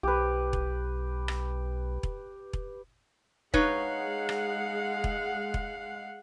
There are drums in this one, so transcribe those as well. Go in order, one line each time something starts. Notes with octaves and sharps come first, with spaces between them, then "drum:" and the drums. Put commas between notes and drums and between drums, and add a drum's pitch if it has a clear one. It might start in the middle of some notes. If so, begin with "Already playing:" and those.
B1 G4 B4
drum: kick E1
drum: rim click
drum: kick E1
drum: kick E1
G#3 D#4 B4 C#5 F5 F#5, drum: kick E1
drum: rim click
drum: kick E1
drum: kick E1